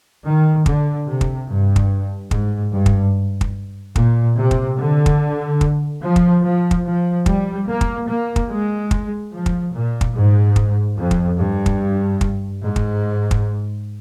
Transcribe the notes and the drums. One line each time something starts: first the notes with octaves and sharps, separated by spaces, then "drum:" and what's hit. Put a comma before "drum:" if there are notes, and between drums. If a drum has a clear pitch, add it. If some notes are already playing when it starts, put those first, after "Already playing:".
D#3
D3, drum: kick
C3
drum: kick
G2
drum: kick
G#2, drum: kick
G2
drum: kick
drum: kick
A#2, drum: kick
C3
drum: kick
D3
drum: kick
drum: kick
F3
drum: kick
F3
drum: kick
F3
G3, drum: kick
A#3
drum: kick
A#3
drum: kick
G#3
drum: kick
F3
drum: kick
A#2
drum: kick
G#2
drum: kick
F2
drum: kick
G2
drum: kick
drum: kick
G#2
drum: kick
drum: kick